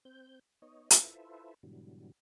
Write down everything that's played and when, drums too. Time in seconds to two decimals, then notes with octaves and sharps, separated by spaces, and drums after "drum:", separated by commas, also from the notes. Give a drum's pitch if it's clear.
0.05 C4 G6
0.62 B3 D#4 C#5 D#5
0.90 E4 F4 A4 B4 C5 E5, drum: hi-hat
1.63 G#2 B2 D3 E3 F#3 G3